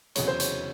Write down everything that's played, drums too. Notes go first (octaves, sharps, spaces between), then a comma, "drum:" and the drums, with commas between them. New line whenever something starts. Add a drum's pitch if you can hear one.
F1 E2 C#3 F#3 C#5, drum: hi-hat
C5
C#5, drum: hi-hat